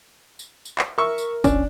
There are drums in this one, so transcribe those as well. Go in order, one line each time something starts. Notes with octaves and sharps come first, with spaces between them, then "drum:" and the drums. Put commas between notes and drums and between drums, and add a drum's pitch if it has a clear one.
drum: tambourine
drum: tambourine
drum: clap
A#4 E5 C#6 E6
drum: tambourine
D1 C#4 D4, drum: kick G1, tambourine